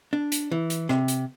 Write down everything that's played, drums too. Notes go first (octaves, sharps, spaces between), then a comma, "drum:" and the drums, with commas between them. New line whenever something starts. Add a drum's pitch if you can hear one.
D4
drum: hi-hat
E3
drum: hi-hat
C3, drum: rim click
drum: hi-hat